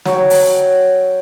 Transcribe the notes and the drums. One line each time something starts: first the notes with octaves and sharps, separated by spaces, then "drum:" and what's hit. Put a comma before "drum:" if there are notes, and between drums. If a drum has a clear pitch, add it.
F#3 C#5 G5, drum: snare
drum: open hi-hat